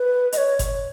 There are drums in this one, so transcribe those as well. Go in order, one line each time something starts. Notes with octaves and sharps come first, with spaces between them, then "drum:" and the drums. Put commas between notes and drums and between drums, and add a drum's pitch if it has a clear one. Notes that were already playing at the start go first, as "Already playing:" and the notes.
Already playing: B4
D#5, drum: hi-hat
C#5
drum: kick F#1, hi-hat